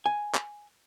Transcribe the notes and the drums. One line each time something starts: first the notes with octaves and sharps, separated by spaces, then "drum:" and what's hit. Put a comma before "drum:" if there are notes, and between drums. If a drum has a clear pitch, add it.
G#5
drum: clap